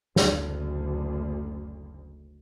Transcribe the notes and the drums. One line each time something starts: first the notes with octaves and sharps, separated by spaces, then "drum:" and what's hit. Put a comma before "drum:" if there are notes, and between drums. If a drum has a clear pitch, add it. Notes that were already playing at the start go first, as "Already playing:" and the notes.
F#1 D2, drum: snare